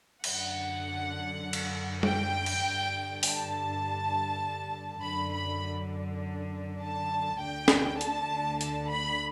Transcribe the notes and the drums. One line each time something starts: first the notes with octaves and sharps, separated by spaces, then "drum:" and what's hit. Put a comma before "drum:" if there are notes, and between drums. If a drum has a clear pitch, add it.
F#2 D3 F#5, drum: cymbal
drum: cymbal
G5, drum: tom G3
drum: cymbal
G2 D3
A5, drum: open hi-hat
F#2 D3 B5
B5
A5
D2 D3 G5
drum: snare
A5, drum: hi-hat
A5, drum: hi-hat
B5